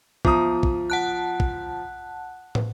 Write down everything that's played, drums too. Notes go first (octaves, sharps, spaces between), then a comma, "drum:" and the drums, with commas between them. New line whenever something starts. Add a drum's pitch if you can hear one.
F3 B3 A#5 D#6, drum: kick
drum: kick
F#5 A5 F#6
drum: kick
drum: tom